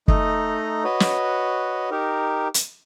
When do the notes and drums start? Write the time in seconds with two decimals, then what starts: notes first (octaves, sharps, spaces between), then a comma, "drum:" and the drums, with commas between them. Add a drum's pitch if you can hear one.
0.08 A3 D#4 D#5 A#5, drum: kick
0.84 F#4 B4 C#5 D#5
1.00 drum: snare
1.91 D#4 G4 A#4
2.54 drum: hi-hat